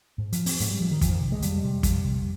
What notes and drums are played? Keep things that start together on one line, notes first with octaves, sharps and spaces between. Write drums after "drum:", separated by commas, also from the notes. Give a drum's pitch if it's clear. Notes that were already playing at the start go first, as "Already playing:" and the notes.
G#2
F3, drum: hi-hat
C4, drum: open hi-hat
G#2 G#3, drum: hi-hat
G3
F3
D#3
F2 F3, drum: kick, hi-hat
D#3
C3
G#3
F2 G3, drum: hi-hat
C3
F2, drum: kick, hi-hat
C3